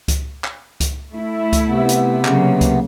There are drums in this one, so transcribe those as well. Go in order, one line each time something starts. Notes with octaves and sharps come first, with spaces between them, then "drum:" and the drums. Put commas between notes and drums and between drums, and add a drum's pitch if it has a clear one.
drum: kick C#2, hi-hat
drum: clap
drum: kick C#2, hi-hat
A3 E4
drum: kick C#2, hi-hat
C3 B3
drum: hi-hat
C#3 F#3 A#3, drum: clap
drum: kick C#2, hi-hat